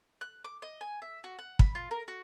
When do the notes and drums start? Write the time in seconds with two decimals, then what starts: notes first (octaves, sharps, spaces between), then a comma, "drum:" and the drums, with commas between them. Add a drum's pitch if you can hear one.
0.21 F#6
0.44 D6
0.62 D#5
0.81 G#5
1.02 E5
1.24 F#4
1.39 F#5
1.59 B5, drum: kick
1.75 F4
1.91 A#4
2.08 F#4